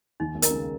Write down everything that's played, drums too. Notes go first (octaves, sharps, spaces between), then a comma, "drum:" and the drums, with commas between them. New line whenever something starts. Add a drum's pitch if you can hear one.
D#2 D#3 D#4
B1 B2
A#4 D#5 A#5, drum: hi-hat
C#2 C#3